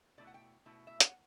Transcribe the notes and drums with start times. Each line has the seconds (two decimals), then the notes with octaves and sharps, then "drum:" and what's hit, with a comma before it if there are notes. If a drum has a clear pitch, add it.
0.18 B2 A3 E4 D5
0.27 F#5
0.34 G5
0.66 B2 A3 E4
0.87 E5
1.00 F#5, drum: hi-hat